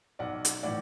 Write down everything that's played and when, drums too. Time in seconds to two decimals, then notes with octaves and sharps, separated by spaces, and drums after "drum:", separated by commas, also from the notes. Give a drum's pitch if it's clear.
0.19 B1 D5 F#5
0.45 drum: hi-hat
0.63 A2 E3 D5 F#5